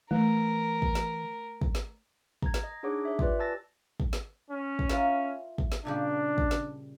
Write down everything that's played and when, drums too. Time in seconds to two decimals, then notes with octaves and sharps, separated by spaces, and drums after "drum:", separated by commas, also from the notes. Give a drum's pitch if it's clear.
0.11 E3 A3 A#4
0.82 drum: kick
0.95 drum: snare
1.62 drum: kick
1.75 drum: snare
2.42 A#5 G#6, drum: kick
2.54 drum: snare
2.63 D#5
2.83 D4 D#4 G#4 C#5 F#5 D6
3.05 C#5 E5
3.19 F4 G4 B4 D5, drum: kick
3.39 G#5 A5 E6 A6 A#6
4.00 drum: kick
4.13 drum: snare
4.50 C#4
4.79 drum: kick
4.90 E4 F4 A#4, drum: snare
5.58 drum: kick
5.72 drum: snare
5.85 A#2 C#3 G3 D4
6.38 drum: kick
6.51 drum: snare